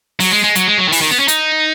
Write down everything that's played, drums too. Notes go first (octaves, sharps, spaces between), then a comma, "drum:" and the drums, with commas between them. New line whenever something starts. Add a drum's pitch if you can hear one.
F#3, drum: open hi-hat
G#3
G#3
F#3, drum: hi-hat
G#3
F#3
D#3
E3, drum: open hi-hat
D#3
B3
C#4
D#4, drum: hi-hat